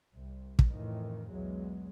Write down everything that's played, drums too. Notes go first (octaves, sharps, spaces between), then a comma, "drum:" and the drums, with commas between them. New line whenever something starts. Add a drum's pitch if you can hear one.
C2
drum: kick
F2 A2 D#3 E3
B1 E2 F#3 G#3